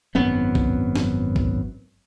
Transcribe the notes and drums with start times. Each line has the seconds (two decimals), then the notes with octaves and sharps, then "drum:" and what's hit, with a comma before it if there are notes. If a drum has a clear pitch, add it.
0.15 G#1 F#2 B3 C4
0.55 drum: kick
0.96 drum: snare
1.36 drum: kick